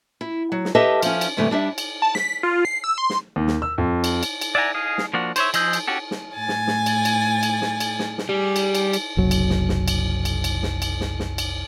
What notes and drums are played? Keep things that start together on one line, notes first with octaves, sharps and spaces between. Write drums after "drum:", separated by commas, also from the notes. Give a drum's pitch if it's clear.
E4
F#3
drum: snare
G4 A4 B4 D#5 E5 A5
F3 C#4, drum: cymbal
drum: cymbal
G2 C3 E3 G#3 A3
G3 D4 E5
drum: cymbal
A5
B6, drum: snare
F4
C7
E6
C6
drum: snare
D#2
drum: snare
E6
F2
drum: cymbal
drum: cymbal
drum: cymbal
D5 E5 F#5 G#5 A#5
G#4 D#5 F5
drum: snare
F3 A#3 D4 F#4
C5 C#5 E5, drum: cymbal
F3 G#4 D#5 E6 G6, drum: cymbal
drum: cymbal
C#4 F#4 G4 A4
drum: snare
A2 G#5 A6
drum: snare
drum: snare
drum: cymbal
drum: cymbal
drum: cymbal
drum: snare
drum: cymbal
drum: snare
drum: snare
G3 G#4
drum: cymbal
drum: cymbal
drum: cymbal
F#1 C2 F#3
drum: cymbal
drum: snare
drum: snare
drum: cymbal
drum: cymbal
drum: cymbal
drum: snare
drum: cymbal
drum: snare
drum: snare
drum: cymbal